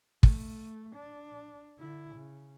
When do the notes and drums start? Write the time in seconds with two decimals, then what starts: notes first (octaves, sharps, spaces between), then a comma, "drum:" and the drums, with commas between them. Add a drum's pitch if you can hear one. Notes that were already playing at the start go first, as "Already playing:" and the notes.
0.23 A3, drum: kick
0.95 D4
1.79 D3 E4
2.15 C#3